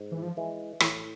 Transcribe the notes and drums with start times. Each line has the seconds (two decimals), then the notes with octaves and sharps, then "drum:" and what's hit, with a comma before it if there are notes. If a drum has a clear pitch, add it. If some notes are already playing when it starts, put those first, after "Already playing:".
Already playing: G#2
0.12 E3
0.23 F3
0.37 E3 G#3
0.80 A2 E3, drum: rim click